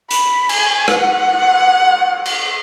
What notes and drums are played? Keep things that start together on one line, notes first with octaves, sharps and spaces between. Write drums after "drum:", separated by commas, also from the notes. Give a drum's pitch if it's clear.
B5, drum: hi-hat
G#5, drum: cymbal
F#5, drum: rim click
drum: cymbal